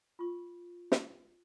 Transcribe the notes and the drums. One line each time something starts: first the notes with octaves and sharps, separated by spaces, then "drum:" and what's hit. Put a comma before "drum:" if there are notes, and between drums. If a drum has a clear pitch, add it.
F4 C#6
drum: snare